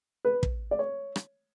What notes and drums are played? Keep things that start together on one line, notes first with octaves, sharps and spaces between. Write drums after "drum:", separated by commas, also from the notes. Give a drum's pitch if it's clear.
B4
drum: kick
D5
C#5
drum: rim click